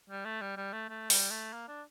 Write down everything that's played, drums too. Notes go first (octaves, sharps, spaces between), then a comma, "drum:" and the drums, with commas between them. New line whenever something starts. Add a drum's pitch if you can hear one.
G3
A3
G3
G3
A3
A3
G3, drum: open hi-hat
A3
A#3
D4